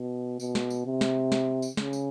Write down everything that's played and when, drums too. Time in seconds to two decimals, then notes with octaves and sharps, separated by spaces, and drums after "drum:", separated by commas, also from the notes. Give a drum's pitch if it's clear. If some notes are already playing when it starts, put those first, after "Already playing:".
Already playing: B2
0.40 B2, drum: tambourine
0.55 drum: snare
0.70 drum: tambourine
0.86 C3
1.01 drum: snare
1.32 drum: snare
1.62 drum: tambourine
1.77 C#3, drum: snare
1.93 drum: tambourine